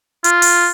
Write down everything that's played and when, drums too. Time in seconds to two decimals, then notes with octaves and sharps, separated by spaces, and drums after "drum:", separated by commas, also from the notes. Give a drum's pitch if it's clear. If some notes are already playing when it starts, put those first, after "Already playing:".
0.24 F4, drum: hi-hat
0.42 drum: open hi-hat